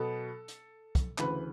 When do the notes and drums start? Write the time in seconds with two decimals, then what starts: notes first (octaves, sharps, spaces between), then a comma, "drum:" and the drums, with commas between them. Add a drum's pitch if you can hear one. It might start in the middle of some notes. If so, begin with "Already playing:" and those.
Already playing: B2 F#3 B3 A4
0.48 drum: hi-hat
0.95 drum: kick, hi-hat
1.18 D2 C#3 E3 B4, drum: clap